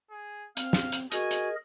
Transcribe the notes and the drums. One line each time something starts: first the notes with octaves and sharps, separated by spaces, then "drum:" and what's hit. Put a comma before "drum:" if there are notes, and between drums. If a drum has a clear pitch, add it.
G#4
C4 F5, drum: hi-hat
drum: snare
drum: hi-hat
F#4 G#4 A#4 D#5 G#5, drum: hi-hat
drum: hi-hat